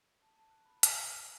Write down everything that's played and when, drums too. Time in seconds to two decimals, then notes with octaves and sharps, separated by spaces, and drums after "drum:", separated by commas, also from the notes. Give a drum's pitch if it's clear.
0.22 A5
0.36 A5
0.51 F#6
0.66 B5
0.83 D#7, drum: hi-hat
1.00 F#6
1.23 C#6